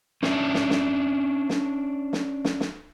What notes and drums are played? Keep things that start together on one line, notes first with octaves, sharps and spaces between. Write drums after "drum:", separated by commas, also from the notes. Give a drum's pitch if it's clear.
C#4 D4 E5 F#5 A5, drum: snare
drum: snare
drum: snare
drum: snare
drum: snare
drum: snare
drum: snare